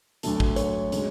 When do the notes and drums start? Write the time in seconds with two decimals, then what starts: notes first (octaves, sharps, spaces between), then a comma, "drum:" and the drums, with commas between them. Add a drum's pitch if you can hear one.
0.23 D2 D3 F#3 A3 A4, drum: hi-hat
0.40 drum: kick
0.56 C#5, drum: hi-hat
0.92 C#3 G#3, drum: hi-hat